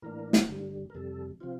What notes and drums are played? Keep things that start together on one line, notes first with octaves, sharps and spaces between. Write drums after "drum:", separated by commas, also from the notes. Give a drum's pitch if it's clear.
A2 E3 A#3 D4 A#4
drum: snare
G2 D3 G3
A#4
F2 C3 G3 A4
C3 F3 C4 F4